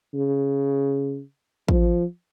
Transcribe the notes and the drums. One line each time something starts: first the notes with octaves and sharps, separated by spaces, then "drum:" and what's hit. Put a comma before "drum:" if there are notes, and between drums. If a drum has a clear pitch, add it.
C#3
F3, drum: kick